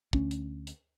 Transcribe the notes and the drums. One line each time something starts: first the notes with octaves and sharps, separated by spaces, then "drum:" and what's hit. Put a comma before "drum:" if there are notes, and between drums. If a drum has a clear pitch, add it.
D2 C#4, drum: kick
drum: hi-hat
drum: hi-hat